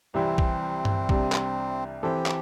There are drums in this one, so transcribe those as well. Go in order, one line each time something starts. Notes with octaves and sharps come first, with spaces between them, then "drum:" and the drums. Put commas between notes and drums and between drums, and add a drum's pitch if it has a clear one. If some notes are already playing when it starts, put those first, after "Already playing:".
C2 C3 E3 G3 C4 E4
drum: kick
drum: tom G2
C2 C3 G3 D4, drum: kick
drum: clap
E3 C4 G4 A4 C5
drum: clap